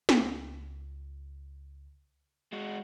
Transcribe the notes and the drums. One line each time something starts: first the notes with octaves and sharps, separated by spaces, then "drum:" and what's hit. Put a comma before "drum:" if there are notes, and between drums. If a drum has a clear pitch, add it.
C#2, drum: snare
G#3 F#4